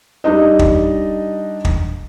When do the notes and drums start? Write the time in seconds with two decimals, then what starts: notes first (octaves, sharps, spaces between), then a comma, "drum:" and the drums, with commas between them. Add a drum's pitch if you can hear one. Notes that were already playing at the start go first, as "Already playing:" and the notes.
0.24 G3 D4 D#4 D#5
0.59 drum: kick
1.65 drum: kick